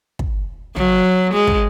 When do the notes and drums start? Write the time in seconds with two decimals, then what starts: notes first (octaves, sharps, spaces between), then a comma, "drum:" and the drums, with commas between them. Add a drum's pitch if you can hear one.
0.19 drum: kick
0.76 F#3, drum: tom
1.34 G#3
1.47 drum: kick